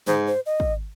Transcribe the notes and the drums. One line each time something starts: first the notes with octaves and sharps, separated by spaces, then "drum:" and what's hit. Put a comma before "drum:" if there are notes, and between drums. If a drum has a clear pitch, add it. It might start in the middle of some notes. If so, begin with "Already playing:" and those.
G#2 C5, drum: tom C#3
C5
D#5
drum: kick